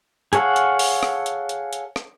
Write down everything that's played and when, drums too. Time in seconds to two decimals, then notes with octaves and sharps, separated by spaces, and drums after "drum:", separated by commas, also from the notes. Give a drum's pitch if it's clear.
0.33 G#4 A4 C#5 F5 F#5, drum: hi-hat
0.56 drum: hi-hat
0.79 drum: open hi-hat
1.03 drum: rim click
1.26 drum: hi-hat
1.49 drum: hi-hat
1.73 drum: hi-hat
1.96 drum: rim click